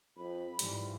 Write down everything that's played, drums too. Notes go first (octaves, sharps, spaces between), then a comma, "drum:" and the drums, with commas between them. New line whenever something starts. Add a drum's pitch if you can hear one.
F2 B5
G#2 E3 F3 G3, drum: hi-hat